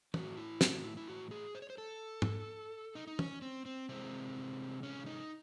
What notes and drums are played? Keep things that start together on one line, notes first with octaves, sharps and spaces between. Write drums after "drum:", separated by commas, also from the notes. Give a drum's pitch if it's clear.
A2 E3 A3 F#4, drum: tom
E4
F#4, drum: snare
E4
E4
F#4
G#4
C5
C#5
C5
A4
drum: tom
D#4
D#4
C#4, drum: tom
C4
C4
C3 E3 G#3 C4
C#4
D#4